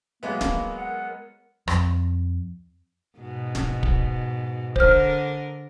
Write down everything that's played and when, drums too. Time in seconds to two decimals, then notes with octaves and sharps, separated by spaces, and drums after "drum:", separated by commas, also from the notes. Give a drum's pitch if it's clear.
0.23 F#3 G#3 A#3 B3 E5
0.41 A#4, drum: snare
0.77 F#5
1.68 F2, drum: rim click
3.18 G#2 B2
3.55 drum: snare
3.83 drum: kick
4.76 D3 A#4 C5 F6, drum: kick